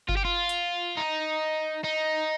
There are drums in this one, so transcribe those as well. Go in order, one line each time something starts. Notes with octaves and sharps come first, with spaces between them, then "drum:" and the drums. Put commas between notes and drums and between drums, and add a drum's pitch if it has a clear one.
F4, drum: kick G1
G4
F4
drum: hi-hat
D#4
D#4